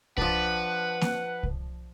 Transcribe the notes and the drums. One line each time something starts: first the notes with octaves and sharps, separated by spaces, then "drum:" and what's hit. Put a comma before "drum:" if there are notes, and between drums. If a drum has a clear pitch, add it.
F3 D4 B4 F#5, drum: kick C2
drum: snare A#3
drum: kick C2